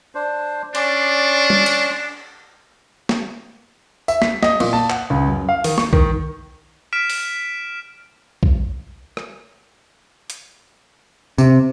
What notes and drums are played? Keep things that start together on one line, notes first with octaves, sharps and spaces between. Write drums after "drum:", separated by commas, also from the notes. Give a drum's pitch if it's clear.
D4 C5
C#4 D4 D5 C6, drum: cymbal
drum: tom G3
drum: cymbal
drum: snare
E5, drum: tambourine
B6, drum: snare
D#5, drum: snare
A#2, drum: cymbal
A5
F#5, drum: clap
C#2
F#2
F5
D#3, drum: open hi-hat
C#6, drum: snare
D#3, drum: kick
F6 B6 D7 E7
drum: open hi-hat
drum: kick
drum: rim click
drum: hi-hat
C3, drum: tambourine